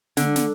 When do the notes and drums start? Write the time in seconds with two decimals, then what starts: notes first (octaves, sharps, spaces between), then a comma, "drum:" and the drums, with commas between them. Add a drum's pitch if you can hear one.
0.17 D3, drum: snare
0.36 drum: snare